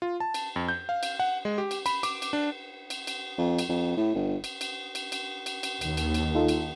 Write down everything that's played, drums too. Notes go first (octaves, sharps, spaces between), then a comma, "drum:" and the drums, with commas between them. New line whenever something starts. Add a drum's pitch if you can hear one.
F4
A5
drum: cymbal
F2
G6
F5
drum: cymbal
F#5
G#3
G4
drum: cymbal
B5, drum: cymbal
D6, drum: cymbal
drum: cymbal
D4
drum: cymbal
drum: cymbal
F2
drum: cymbal
F2
A2
G1
drum: cymbal
drum: cymbal
drum: cymbal
drum: cymbal
drum: cymbal
drum: cymbal
D#2, drum: cymbal
drum: cymbal
drum: cymbal
D#4 F4 A4
drum: cymbal